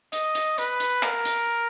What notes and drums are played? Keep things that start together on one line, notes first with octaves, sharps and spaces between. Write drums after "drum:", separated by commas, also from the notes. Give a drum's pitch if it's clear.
D#5, drum: hi-hat
drum: hi-hat
B4, drum: hi-hat
drum: hi-hat
A#4, drum: clap
drum: hi-hat